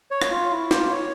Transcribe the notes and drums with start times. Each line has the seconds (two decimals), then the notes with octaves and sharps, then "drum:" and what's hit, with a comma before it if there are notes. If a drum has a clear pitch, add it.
0.11 C#5
0.22 drum: rim click
0.31 F4
0.51 E4
0.71 F4, drum: snare
0.92 C#5